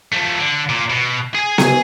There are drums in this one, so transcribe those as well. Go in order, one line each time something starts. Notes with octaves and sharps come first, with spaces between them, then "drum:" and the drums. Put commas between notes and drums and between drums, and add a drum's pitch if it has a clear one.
F3 A3
D3
A#2
B2
G#4 G#5
drum: snare B3